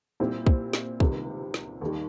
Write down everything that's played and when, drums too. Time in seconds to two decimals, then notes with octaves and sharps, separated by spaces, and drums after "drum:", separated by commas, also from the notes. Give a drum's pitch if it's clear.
0.20 A#2 G3 C4 E4
0.47 drum: kick
0.73 drum: snare
1.00 C#2 C3 D#3 G3, drum: kick
1.54 drum: snare
1.81 D#2 D#3 G3